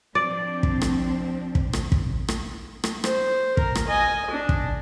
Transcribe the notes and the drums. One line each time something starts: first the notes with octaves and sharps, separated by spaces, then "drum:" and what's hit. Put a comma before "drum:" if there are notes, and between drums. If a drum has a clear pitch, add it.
F3 C4 D4 D5
drum: kick
drum: rim click
drum: kick
drum: rim click
drum: kick
drum: rim click
drum: rim click
C5, drum: rim click
A#4, drum: kick
drum: rim click
D#5 G#5
D4
drum: kick